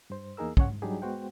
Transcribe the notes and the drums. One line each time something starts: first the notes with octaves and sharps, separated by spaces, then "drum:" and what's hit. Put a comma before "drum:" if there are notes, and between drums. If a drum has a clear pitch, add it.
G2 C5
E2 A#3 D#4 G#4 A#4 E6
C#3 C#4 C#5 F#5, drum: kick
G#2
F#3 G3 D4 D#4 G4 G#4
G#3 B3 F#4 C5 F#5 G5